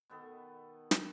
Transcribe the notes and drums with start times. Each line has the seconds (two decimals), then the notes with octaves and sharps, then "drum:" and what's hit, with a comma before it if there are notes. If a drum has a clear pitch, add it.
0.10 B2 D#3 B3 A4
0.91 drum: snare